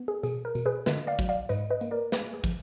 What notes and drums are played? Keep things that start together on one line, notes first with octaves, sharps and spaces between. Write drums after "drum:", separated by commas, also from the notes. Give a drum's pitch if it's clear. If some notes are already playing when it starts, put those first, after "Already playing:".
Already playing: B3
G#4
B2 G#4, drum: tambourine
A#4
B2, drum: tambourine
G#4 B4
D3 B4 D#5, drum: snare
D5 F5
F#3, drum: kick, tambourine
D5 F5
G#2 B4 D#5, drum: tambourine
B4 D#5
A#3, drum: tambourine
A#4 D5
A#3 G#4 B4, drum: snare
G#4
F3, drum: kick, tambourine